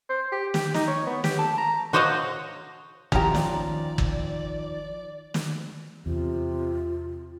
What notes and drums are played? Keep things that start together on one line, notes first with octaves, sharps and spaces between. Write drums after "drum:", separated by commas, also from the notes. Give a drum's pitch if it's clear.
C5
G4
G4, drum: snare
D#4, drum: snare
C#5
B3
G4, drum: snare
A5
A#5
F#4 C5 C#5 D#5 F5 F#5
D#3 F3 C#4 G4 A#5, drum: kick
D5, drum: snare
drum: kick
drum: snare
E2 C3 F4